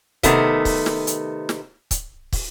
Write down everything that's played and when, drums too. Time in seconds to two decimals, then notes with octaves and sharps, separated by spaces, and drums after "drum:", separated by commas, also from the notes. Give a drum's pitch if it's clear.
0.23 C3 D#3 A3 B3, drum: kick, hi-hat
0.65 drum: kick, open hi-hat
0.86 drum: snare
1.07 drum: hi-hat
1.49 drum: snare
1.91 drum: kick, hi-hat
2.33 drum: kick, open hi-hat